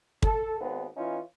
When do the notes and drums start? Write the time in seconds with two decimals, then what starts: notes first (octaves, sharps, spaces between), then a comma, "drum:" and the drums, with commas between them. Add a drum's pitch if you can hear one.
0.23 A4, drum: kick
0.60 G#1 D#2 B3 C4
0.96 E3 C#4 D#4 F4